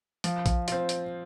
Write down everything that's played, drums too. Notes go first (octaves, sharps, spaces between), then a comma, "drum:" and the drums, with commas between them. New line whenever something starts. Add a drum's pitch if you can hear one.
F3, drum: hi-hat
drum: kick, hi-hat
C4 F4, drum: hi-hat
drum: hi-hat